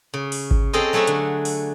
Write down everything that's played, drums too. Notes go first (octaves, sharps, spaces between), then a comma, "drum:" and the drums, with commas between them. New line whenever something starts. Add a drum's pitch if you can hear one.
C#3
drum: open hi-hat
drum: kick G#1
C4 C#4 G#4 A4 C5 D#5
F#3 A3 G#4 C#5 E5 B5
D3, drum: hi-hat
drum: open hi-hat